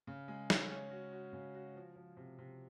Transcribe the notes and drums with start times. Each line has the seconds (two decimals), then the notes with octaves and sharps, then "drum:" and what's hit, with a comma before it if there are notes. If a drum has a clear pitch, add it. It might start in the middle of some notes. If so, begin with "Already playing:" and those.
0.07 C#3
0.28 G#3
0.50 C#4, drum: snare
0.71 C#4
0.91 F#4
1.13 F#4
1.33 C#3
1.55 F#4
1.75 F3
1.96 F3
2.17 C3
2.38 C3